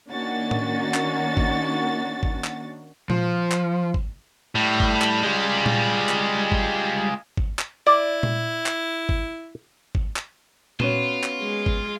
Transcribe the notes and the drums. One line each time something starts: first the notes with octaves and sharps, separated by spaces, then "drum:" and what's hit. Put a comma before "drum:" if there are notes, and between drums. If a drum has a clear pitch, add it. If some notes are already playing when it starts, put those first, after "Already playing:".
D#3 A#3 C#4 D4 F#4 A6
drum: tom A2
drum: clap
drum: kick G#1
drum: kick G#1
drum: clap
F3, drum: tom A#2
drum: clap
drum: kick G#1
A2 G3
drum: kick G#1
drum: clap
G#3 F4
drum: tom A#2
drum: clap
drum: kick G#1
drum: kick G#1
drum: clap
E4 D5
drum: tom A#2
drum: clap
drum: kick G#1
drum: kick G#1
drum: clap
B3 C#4 F4 F#4 C#5 D#7 E7, drum: tom A#2
drum: clap
G#3
drum: kick G#1